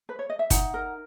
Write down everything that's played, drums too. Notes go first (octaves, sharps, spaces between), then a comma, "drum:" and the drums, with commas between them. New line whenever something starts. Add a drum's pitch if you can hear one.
B4
C#5
D#5
E5
D#4 F#5, drum: kick, hi-hat
A#4